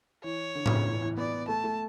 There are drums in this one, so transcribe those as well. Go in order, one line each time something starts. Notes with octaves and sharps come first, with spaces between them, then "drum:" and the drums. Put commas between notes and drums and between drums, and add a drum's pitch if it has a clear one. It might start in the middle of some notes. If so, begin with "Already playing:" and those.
E3 C#5
D3
C#3, drum: tom A2
E3
E3
B3 D5
A3 A5
A3